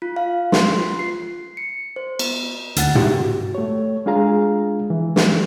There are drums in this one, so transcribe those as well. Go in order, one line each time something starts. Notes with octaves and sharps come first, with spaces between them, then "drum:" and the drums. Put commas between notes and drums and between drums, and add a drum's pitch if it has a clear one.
F4
F5
C6, drum: snare
F4
C7
C#7
C5
B3, drum: cymbal
D2 F#5 A6, drum: hi-hat
F#4 G4, drum: tom
A3 C#5
G#3 D4 F4 G#4 F5 A#5
E3
drum: snare